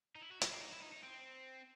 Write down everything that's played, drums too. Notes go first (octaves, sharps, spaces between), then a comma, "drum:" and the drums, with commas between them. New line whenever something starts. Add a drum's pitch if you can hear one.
D#4
E4
F#4
E4, drum: hi-hat
C4
D#4
E4
D#4
D#4
C4